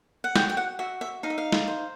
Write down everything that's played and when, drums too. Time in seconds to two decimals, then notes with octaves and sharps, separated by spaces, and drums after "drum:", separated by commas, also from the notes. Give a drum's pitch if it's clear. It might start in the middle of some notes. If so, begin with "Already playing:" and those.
0.24 F#5
0.36 F#4 G5, drum: snare
0.50 G5
0.57 F#5
0.79 F#4 E5
1.01 E5
1.23 D#4 F5
1.30 E5
1.38 F5
1.52 drum: snare
1.68 C5